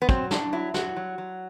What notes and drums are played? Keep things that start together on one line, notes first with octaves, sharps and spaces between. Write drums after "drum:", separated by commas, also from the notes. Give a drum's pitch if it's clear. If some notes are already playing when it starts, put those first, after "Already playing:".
B3
F#3 C4, drum: kick
F#2 D4, drum: snare
F#3 E4
F#3 F#4, drum: snare
F#3
F#3